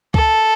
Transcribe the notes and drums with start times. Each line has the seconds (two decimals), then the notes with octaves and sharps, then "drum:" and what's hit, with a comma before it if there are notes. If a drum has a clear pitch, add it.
0.14 A4, drum: kick C#2